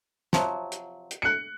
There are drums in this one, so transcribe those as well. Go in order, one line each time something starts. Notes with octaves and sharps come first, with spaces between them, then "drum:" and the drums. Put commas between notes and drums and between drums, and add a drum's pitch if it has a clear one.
C3 F3 F#3, drum: snare
drum: hi-hat
drum: hi-hat
F#6 C#7